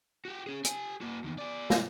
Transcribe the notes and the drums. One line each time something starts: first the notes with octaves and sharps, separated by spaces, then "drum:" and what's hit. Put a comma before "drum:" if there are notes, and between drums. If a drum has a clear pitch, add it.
F#4 G4
C#4 G#4
G4 G#5, drum: hi-hat
A#3 F#4
E2 D#3
G#4 D5
drum: snare